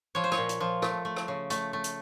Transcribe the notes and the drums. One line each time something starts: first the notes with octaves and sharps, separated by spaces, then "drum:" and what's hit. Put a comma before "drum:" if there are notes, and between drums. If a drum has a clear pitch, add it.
F3 C#5
C5
C#5, drum: rim click
A#2
drum: hi-hat
F3
A3, drum: rim click
A3
drum: rim click
C#3
A3, drum: hi-hat
A3
drum: hi-hat